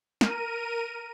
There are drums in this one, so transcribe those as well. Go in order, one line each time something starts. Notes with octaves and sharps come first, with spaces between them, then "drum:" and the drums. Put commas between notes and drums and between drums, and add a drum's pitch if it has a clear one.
A#4 D#7, drum: snare